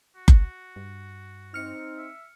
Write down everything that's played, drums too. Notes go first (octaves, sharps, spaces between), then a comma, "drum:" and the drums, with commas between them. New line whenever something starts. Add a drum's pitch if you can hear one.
F#4
drum: kick F#1
G2
C4 D#4 F6 C#7
E5